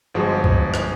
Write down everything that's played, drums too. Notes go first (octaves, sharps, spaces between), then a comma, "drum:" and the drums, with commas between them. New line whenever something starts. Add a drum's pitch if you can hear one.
G1 F3 G#3 F#4 G#4
drum: kick
drum: rim click